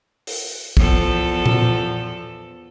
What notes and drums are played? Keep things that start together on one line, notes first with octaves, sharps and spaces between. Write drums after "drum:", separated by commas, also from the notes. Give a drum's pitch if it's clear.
drum: open hi-hat
E2 F3 A4, drum: kick
drum: tom A#2